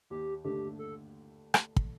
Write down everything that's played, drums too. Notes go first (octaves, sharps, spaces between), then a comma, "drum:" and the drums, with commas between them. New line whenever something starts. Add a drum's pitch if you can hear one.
D#2 G4
D3 A3 D4 G4 A4
A4
drum: rim click
drum: kick